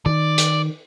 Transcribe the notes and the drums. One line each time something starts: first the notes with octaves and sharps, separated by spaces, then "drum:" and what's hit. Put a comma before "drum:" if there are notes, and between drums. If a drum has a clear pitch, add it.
D#3 D5
drum: hi-hat